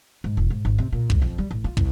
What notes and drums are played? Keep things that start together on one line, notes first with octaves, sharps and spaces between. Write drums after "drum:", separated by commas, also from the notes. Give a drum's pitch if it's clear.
G#2
E1
G#2
G#1
C3
A#2
C2, drum: kick
F2
G3
A1
F4
C2, drum: kick